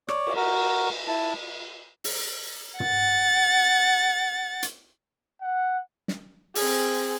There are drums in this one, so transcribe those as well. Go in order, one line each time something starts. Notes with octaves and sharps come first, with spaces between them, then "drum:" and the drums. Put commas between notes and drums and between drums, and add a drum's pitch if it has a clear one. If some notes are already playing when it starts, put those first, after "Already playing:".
C#5 D5, drum: rim click
drum: cymbal
F#4 A#4
E4 A5
drum: open hi-hat
F#5 A6, drum: tom
drum: hi-hat
F#5
drum: snare
C4 G#4, drum: open hi-hat